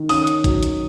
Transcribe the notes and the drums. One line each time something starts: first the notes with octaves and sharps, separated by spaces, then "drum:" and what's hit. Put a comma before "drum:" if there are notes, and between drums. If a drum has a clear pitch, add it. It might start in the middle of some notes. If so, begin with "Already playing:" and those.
Already playing: D#3
C#4 D#6, drum: open hi-hat
drum: hi-hat
F#3, drum: kick A1, hi-hat
drum: hi-hat